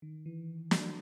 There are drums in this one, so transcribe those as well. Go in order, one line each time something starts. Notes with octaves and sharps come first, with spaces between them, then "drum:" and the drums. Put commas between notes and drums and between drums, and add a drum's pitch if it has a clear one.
D#3
E3
F#3, drum: snare